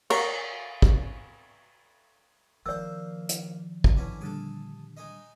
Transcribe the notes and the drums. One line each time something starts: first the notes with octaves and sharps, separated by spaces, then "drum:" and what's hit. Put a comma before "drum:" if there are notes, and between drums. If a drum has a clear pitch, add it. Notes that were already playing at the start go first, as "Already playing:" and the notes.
A#4 C#5, drum: cymbal
drum: kick
D#3 F3 A#3 C5 D5 E6
drum: hi-hat
drum: kick
D3 E3 C#4
A#2 D3 G3 G#4 A4
G#3 D#4 D#5